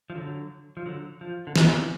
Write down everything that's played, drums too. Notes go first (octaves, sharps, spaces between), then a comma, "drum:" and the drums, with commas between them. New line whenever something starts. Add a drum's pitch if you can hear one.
F3
D3 F#3
F3
D3 F#3
F3
D3
F3, drum: snare